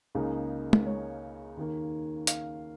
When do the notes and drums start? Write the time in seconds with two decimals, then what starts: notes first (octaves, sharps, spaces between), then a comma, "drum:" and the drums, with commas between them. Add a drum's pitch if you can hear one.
0.15 C#2 C#3 A#3 D#4
0.73 drum: tom G#3
0.86 C#5
1.57 D#2 D#3 A#3
2.27 F5, drum: hi-hat